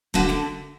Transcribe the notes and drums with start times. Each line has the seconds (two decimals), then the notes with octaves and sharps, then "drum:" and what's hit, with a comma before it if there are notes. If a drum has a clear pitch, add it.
0.14 D3 A3 F#4, drum: kick
0.29 drum: snare